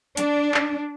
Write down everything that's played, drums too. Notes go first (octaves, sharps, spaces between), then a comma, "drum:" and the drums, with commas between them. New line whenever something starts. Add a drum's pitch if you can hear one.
D4, drum: hi-hat
drum: clap